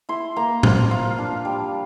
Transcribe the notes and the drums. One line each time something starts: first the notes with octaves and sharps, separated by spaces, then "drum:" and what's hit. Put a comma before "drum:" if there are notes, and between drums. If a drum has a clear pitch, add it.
E4 C6
A#3 A#5
F3 F5, drum: tom A2
F4 F5
D4
G3